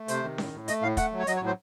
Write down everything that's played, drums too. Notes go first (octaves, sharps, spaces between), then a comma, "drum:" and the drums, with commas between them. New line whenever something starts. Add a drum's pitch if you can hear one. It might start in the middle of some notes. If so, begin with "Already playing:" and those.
Already playing: A3
C3 C5, drum: hi-hat
D#3
A2, drum: snare C#4
A2
A3 D#5, drum: hi-hat
A2 F5
A3 F#5, drum: kick, hi-hat
F#3
C#5
F#3 D#5, drum: hi-hat
C#5
A2
C5